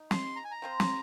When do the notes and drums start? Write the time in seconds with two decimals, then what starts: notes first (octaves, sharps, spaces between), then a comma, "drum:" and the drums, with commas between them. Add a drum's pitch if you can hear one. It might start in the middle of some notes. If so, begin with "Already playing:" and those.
Already playing: D#4
0.11 C6, drum: snare
0.36 A#5
0.44 G#5
0.51 A#5
0.62 F3 C4 F4 C5
0.80 drum: snare